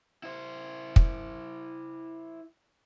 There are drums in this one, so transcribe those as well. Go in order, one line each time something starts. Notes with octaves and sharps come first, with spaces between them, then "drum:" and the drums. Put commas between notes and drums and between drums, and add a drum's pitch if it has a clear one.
E4 C5
drum: kick